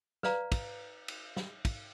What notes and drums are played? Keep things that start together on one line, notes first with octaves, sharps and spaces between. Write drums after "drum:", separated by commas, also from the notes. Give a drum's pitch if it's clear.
B4 D5 F5 A#5, drum: snare
drum: kick, cymbal
drum: cymbal
drum: snare
drum: kick, cymbal